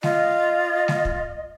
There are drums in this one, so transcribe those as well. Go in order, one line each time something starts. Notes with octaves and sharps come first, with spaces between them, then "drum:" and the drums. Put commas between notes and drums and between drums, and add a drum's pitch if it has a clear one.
F4 D#5, drum: snare
drum: snare
drum: kick